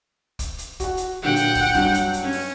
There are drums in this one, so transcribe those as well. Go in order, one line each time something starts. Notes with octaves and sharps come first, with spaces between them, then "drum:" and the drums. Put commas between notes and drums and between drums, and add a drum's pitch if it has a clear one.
drum: kick, hi-hat
drum: hi-hat
F#4 F#5, drum: kick, hi-hat
drum: hi-hat
A#2 D3 F#3 F#5 G5
drum: hi-hat
drum: kick, open hi-hat
G2 F#3, drum: kick, open hi-hat
drum: hi-hat
drum: hi-hat
C#4
drum: open hi-hat